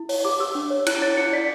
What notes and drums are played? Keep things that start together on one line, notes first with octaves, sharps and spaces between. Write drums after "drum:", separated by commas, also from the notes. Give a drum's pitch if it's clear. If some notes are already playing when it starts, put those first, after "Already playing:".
Already playing: E4
C#5, drum: open hi-hat
G4 D6
G4 E6
D4
C#5
E4 F#6, drum: cymbal
C#5 A6
E4 C#7
D5 B6